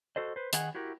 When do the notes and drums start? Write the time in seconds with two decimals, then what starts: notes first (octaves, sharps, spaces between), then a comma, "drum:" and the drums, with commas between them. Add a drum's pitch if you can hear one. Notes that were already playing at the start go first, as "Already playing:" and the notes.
0.16 F#4 A4 C5 D#5
0.36 B4 C5
0.53 D#3 G#4 D#5 F#5 G#5, drum: hi-hat
0.75 E4 F#4 G4 A#4